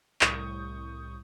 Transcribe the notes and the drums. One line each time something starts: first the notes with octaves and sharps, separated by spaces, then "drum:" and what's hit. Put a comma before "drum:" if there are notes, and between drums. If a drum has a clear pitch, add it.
C2 A2 C#6 D#6 G6, drum: clap